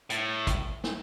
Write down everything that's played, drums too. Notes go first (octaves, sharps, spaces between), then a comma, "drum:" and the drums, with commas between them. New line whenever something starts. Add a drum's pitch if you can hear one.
A2, drum: hi-hat
drum: kick, hi-hat
drum: snare